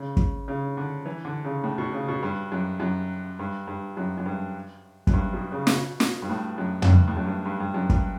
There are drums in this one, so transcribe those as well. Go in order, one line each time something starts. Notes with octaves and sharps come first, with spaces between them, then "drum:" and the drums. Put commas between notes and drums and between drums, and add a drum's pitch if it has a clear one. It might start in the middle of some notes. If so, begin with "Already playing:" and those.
Already playing: C#3
drum: kick
C#3
D3
E3
D3
C#3
A2
B2
C#3
B2
G2
F#2
F#2
G2
G2
F#2
F#2
G2
F#2, drum: kick
G2
B2
C#3
C#3, drum: snare
B2
B2, drum: snare
G2
A2
F#2
F#2, drum: tom
G2
A2
F#2
G2
G2
G2
F#2
G2, drum: kick